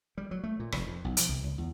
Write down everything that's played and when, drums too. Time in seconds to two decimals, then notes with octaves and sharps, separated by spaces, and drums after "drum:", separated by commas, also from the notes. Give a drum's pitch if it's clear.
0.18 G3
0.31 F#3
0.44 A3
0.59 A#2
0.72 F1, drum: rim click
0.87 F2
1.05 B1
1.17 F3, drum: hi-hat
1.28 C2
1.44 C#2
1.58 E2